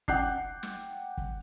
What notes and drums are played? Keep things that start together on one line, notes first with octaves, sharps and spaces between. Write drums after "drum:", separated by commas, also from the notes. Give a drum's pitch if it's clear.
F#5 G5 D6 F#6 G6 C7, drum: kick
drum: snare
drum: kick